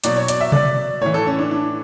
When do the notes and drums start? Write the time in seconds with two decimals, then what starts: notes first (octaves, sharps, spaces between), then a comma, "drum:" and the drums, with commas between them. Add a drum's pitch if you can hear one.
0.04 B2 F#3 D5, drum: hi-hat
0.16 C#5
0.28 D5, drum: hi-hat
0.41 E5
0.52 D5, drum: tom C3
1.01 A2 E3 C#5
1.14 A4
1.27 C#4
1.39 D4
1.51 D4